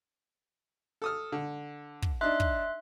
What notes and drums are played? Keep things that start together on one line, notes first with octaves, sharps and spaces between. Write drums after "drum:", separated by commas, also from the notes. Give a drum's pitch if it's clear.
A4 D#6 F6
D3
drum: kick
D4 D#4 E5 C6 F#6
drum: kick